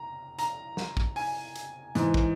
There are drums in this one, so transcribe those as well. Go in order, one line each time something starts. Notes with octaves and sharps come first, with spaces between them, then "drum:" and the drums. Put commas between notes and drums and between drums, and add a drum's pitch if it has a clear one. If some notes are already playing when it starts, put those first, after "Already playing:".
Already playing: A#5
A#5, drum: hi-hat
drum: snare
drum: kick
G#5, drum: open hi-hat
drum: hi-hat
G#2 E3, drum: hi-hat
drum: kick